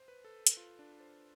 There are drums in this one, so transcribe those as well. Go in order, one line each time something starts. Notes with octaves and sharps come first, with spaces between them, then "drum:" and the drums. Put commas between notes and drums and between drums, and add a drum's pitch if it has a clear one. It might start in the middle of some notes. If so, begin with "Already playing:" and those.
Already playing: C5
B4
A4
drum: hi-hat
F4
D4
C5